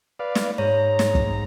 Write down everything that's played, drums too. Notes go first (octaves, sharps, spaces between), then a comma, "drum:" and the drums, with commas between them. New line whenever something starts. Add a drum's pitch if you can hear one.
B4 D5 F5
drum: snare
G#2 C#5 A#5
drum: snare
drum: kick